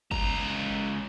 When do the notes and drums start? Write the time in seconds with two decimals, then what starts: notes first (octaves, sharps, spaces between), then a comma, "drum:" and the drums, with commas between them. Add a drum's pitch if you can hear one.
0.11 C#2 A#5, drum: kick G1